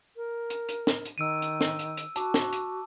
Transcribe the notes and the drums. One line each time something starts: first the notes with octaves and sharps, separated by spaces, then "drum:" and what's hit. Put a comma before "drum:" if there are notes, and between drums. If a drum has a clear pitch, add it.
A#4
drum: hi-hat
drum: hi-hat
drum: snare
drum: hi-hat
D#3 E6 D7 D#7
drum: hi-hat
drum: snare
drum: hi-hat
drum: hi-hat
F#4 A5 D6, drum: hi-hat
drum: snare
drum: hi-hat